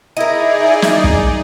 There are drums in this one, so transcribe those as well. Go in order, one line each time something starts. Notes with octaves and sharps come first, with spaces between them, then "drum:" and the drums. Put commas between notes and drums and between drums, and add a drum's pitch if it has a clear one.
D#4 E4 G#4 A#4 D5 D#5
drum: snare
drum: kick